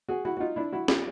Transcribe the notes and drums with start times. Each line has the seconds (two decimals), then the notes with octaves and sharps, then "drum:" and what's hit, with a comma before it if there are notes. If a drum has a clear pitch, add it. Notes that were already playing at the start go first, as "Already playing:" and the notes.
0.09 F#4 G#4
0.25 E4 F#4
0.37 F#4
0.40 D#4 F4
0.56 D4 E4
0.73 E4 F#4
0.88 F4 G4, drum: snare